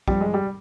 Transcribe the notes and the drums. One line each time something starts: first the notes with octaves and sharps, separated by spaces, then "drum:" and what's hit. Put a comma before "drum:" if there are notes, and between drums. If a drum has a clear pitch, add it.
G2 F3 G3, drum: kick
G#3
G3